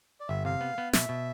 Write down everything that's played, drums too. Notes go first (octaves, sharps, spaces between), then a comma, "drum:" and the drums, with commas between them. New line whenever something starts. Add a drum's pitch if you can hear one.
D5
G1 E5
C3 F5
B3
B3
B2 E5, drum: snare
B2